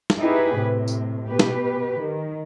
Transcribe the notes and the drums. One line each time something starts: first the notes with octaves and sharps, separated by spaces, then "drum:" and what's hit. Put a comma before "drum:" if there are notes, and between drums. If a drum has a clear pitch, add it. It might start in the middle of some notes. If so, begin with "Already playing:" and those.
drum: snare
D#4 E4 G4 G#4 B4
A2 C3
drum: tambourine
B2 G4 B4
drum: snare
D#3